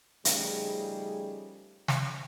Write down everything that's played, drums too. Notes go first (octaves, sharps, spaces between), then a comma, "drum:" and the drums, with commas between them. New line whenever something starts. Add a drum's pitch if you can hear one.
C#3 F3 G3 A3 D#4 G#4, drum: hi-hat
drum: snare